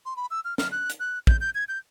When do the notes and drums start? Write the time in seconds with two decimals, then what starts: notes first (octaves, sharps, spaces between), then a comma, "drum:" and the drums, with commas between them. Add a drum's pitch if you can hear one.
0.06 C6
0.17 B5
0.31 E6
0.45 F6
0.58 F6, drum: snare
0.72 F#6
0.89 drum: hi-hat
1.00 F#6
1.27 G6, drum: kick
1.41 G6
1.55 G#6
1.68 G6